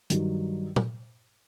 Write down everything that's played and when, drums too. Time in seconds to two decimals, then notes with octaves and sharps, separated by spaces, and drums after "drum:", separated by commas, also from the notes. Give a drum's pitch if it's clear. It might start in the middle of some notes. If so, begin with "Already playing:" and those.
0.10 G2 D#3 F#3, drum: hi-hat
0.76 drum: tom